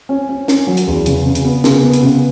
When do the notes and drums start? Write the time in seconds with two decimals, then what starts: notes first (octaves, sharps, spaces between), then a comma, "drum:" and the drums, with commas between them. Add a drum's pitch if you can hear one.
0.09 C#4
0.29 C#4
0.48 C#4, drum: snare
0.67 F#3
0.77 drum: hi-hat
0.87 E2
1.06 C#3, drum: hi-hat
1.26 C#3
1.35 drum: hi-hat
1.45 B3
1.64 C#3, drum: snare
1.84 B3
1.93 drum: hi-hat
2.03 C#3